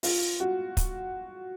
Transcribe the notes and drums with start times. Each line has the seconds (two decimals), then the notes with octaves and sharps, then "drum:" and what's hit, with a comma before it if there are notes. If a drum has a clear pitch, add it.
0.03 F4, drum: open hi-hat
0.40 F#4
0.77 drum: kick, hi-hat